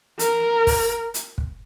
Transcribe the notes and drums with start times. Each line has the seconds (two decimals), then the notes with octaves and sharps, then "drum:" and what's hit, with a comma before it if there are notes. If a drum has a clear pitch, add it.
0.19 A#4, drum: hi-hat
0.67 drum: kick, open hi-hat
1.14 drum: hi-hat
1.38 drum: kick